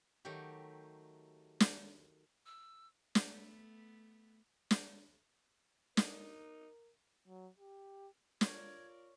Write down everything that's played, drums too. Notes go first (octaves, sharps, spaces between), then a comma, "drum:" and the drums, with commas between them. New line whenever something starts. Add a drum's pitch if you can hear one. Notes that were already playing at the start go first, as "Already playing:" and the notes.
D#3 F#3 A3 G4
drum: snare
E6
A3 B3, drum: snare
drum: snare
D#4 A#4, drum: snare
F#3
G4
F4 A#4 C#5 D5 C#6 G#6, drum: snare